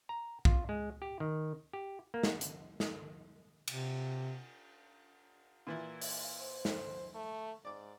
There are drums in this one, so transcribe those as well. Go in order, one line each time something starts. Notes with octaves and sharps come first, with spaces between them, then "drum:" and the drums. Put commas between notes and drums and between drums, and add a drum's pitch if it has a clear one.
A#5
F4, drum: kick
G#3
G4
D#3
G4
A#3
drum: snare
drum: hi-hat
drum: snare
C3, drum: cymbal
A#2 E3 E4
drum: open hi-hat
C5
drum: snare
A3
G#2 D5 D6